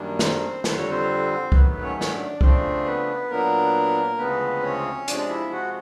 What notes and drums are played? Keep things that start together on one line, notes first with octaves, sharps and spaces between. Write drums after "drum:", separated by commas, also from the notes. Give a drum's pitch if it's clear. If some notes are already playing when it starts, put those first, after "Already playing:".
Already playing: F#2 D#3 G3 A#3 D4
C4 C5, drum: snare
F2 D3 G3 C5, drum: snare
C#5
C4 C5
G#2 D#3 F#3 A3 B3 B4, drum: kick C2
C#4 C#5
C#5, drum: snare
D4 D5
C#3 F3 A3 C4 D4 C5, drum: kick C2
B3 B4
A#2 F#3 A#3 B3 D4 A#4
D2 C#3 F3 G#3 B3 C4 B4
C#4 C#5
C3 F3 G#3 D4 D5, drum: hi-hat
E4 E5
F#4 F#5